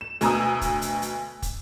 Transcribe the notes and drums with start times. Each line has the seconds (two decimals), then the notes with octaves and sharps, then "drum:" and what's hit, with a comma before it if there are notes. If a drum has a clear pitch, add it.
0.01 E7
0.21 D2 B2 G#5 A#5 D#6 E6, drum: hi-hat
0.61 drum: kick, hi-hat
0.82 drum: hi-hat
1.02 drum: hi-hat
1.42 drum: kick, hi-hat